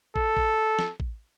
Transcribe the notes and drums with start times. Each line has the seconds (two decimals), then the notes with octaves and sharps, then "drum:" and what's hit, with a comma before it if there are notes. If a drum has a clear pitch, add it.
0.16 A4, drum: kick
0.37 drum: kick
0.79 drum: snare
1.00 drum: kick